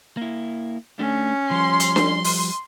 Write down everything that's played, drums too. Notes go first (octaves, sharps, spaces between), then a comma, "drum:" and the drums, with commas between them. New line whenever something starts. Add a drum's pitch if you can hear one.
A#3 E4
A3 C#4 D4
F3 G3 C6
drum: hi-hat
drum: snare D4
drum: open hi-hat